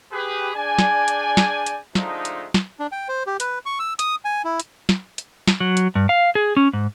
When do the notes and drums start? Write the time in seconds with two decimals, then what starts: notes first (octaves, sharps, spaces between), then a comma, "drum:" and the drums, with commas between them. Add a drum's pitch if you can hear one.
0.12 G4 G#4 B4
0.55 D4 G#4 D5 G5 G#5
0.78 drum: snare
1.08 drum: hi-hat
1.37 drum: snare
1.66 drum: hi-hat
1.95 D3 F3 G#3 A3 D4 D#4, drum: snare
2.25 drum: hi-hat
2.54 drum: snare
2.79 D4
2.92 G5
3.09 C5
3.27 G4
3.40 B4, drum: hi-hat
3.66 C#6
3.79 E6
3.99 D#6, drum: hi-hat
4.25 G#5
4.44 E4
4.60 drum: hi-hat
4.89 drum: snare
5.18 drum: hi-hat
5.47 drum: snare
5.60 F#3
5.77 drum: hi-hat
5.95 G2
6.09 F5
6.35 G#4
6.57 C#4
6.73 G#2